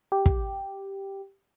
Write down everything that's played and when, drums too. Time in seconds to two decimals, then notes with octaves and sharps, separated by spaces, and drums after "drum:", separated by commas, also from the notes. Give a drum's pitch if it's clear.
0.12 G4
0.26 drum: kick